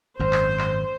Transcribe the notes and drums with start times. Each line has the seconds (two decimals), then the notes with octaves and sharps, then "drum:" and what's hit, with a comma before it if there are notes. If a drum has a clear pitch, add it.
0.19 G#1 F#2 C5
0.33 drum: clap
0.59 drum: clap